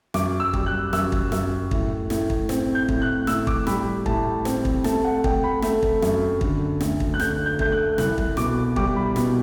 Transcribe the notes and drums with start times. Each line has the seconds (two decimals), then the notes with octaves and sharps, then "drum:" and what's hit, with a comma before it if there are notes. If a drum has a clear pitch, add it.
0.14 F#2 D6, drum: snare
0.40 E6
0.54 G3, drum: kick
0.66 F#6
0.93 F#2 E6, drum: snare
1.12 drum: kick
1.32 F#2, drum: snare
1.71 A2, drum: kick
2.10 A2, drum: snare
2.30 drum: kick
2.49 C4, drum: snare
2.75 G6
2.88 A2, drum: kick
3.02 F#6
3.27 A2 E6, drum: snare
3.47 D6, drum: kick
3.67 G3 B5, drum: snare
4.06 A2 A5, drum: kick
4.45 C4, drum: snare
4.65 drum: kick
4.84 A3 A5, drum: snare
5.04 F#5
5.24 A3 G5, drum: kick
5.44 B5
5.62 A3, drum: snare
5.83 drum: kick
6.02 F#2, drum: snare
6.41 D3, drum: kick
6.81 D2, drum: snare
7.00 drum: kick
7.14 F#6
7.20 D3 G6, drum: snare
7.46 G6
7.59 A3 G6, drum: kick
7.72 F#6
7.98 C2 F#6, drum: snare
8.18 drum: kick
8.37 B2 D6, drum: snare
8.76 G3 D6, drum: kick
8.96 B5
9.16 B2, drum: snare